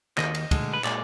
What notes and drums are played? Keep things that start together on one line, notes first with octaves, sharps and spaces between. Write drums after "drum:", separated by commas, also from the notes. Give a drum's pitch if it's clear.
D#2 D#3 D#5, drum: clap
drum: cymbal
D2 D3 G#3, drum: kick, cymbal
B4
A#2 G#3 D5, drum: clap